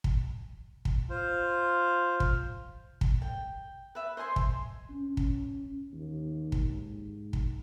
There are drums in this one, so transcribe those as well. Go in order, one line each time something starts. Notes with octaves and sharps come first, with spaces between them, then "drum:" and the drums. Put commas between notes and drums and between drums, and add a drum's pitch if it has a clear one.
drum: kick
drum: kick
F4 C5
drum: kick
drum: kick
G5
B4 E5
C5 D#5 G#5 C6
drum: kick
C#4
drum: kick
D#2
drum: kick
G#2
drum: kick